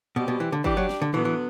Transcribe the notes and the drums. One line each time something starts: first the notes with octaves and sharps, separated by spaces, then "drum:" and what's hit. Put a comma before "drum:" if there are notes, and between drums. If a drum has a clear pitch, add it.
B2 G3 C4 G4
B2
E3
D3
E3 G3 D4 G4, drum: kick
F#3
drum: snare
D3
D3 E3 F#3 B3, drum: tom A2
E3